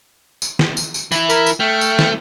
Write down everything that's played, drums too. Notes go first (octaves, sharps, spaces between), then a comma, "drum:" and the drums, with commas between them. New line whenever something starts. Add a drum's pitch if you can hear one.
drum: tambourine
drum: snare
drum: tambourine
drum: tambourine
E3 E4, drum: tambourine
A#4 B5, drum: tambourine
drum: tambourine
A3 G5 F6
drum: tambourine
drum: snare